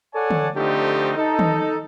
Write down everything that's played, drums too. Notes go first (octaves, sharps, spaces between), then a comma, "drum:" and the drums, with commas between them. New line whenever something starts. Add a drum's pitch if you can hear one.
A4 C#5 D5 F#5 G#5 A5
drum: tom D3
D3 F3 A3 C4 D#4 G4
D#4 A4
drum: tom D#3